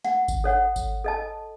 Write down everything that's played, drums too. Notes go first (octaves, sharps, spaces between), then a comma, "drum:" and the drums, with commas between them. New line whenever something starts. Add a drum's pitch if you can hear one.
F#5, drum: snare
drum: kick G#1, tambourine
A4 C#5 F#5
drum: kick G#1, tambourine
A4 D#5 A5